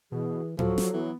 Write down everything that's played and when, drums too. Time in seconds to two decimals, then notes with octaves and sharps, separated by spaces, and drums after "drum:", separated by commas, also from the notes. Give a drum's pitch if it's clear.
0.12 B2 E3 G#4
0.59 F3 F#3 F#4 A4, drum: tom A2
0.78 drum: snare
0.93 E3 B3